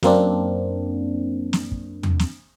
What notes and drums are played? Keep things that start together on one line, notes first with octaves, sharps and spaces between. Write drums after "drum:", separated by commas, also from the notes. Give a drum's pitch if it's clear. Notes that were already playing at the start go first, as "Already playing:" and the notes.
F#2 A#3 C4 D4, drum: snare
drum: snare
drum: kick
drum: tom E2
drum: snare